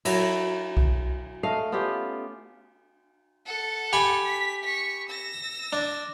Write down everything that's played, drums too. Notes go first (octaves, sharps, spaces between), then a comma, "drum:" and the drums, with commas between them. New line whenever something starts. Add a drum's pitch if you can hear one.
F#3 E4, drum: cymbal
drum: kick B1
A3 D#5 F5
B3 C#4 F4 G4
A4 F#5
G4 G#5 B5
B6
C#6 B6
E6 A#6
D4